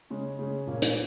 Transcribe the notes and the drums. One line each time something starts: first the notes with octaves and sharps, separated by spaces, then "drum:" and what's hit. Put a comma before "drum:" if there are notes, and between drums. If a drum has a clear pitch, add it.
C#3 G#3 C#4
C#3 G#3 C#4
A#2 A#3 C#4
drum: hi-hat